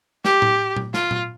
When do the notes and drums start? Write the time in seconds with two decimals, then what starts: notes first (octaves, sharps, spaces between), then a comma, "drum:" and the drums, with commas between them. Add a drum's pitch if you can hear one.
0.25 G4, drum: snare
0.42 drum: tom A2
0.76 drum: tom A#2
0.94 F4, drum: snare
1.11 drum: tom A#2